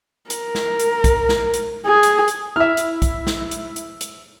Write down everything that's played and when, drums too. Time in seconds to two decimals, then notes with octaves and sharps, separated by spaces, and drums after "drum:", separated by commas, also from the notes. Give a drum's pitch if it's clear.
0.30 A#4, drum: hi-hat
0.55 drum: snare
0.79 drum: hi-hat
1.04 drum: kick, hi-hat
1.29 drum: snare
1.54 drum: hi-hat
1.86 G#4
2.03 drum: hi-hat
2.28 drum: hi-hat
2.56 E4 E5 F6
2.77 drum: hi-hat
3.02 drum: kick, hi-hat
3.27 drum: snare
3.51 drum: hi-hat
3.76 drum: hi-hat
4.01 drum: hi-hat